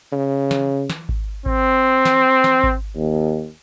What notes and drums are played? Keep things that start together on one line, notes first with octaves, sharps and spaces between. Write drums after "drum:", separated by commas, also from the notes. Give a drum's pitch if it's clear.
C#3
drum: snare
drum: snare
drum: kick G#1
C4, drum: kick G#1
drum: snare
drum: snare
drum: kick G#1
D#2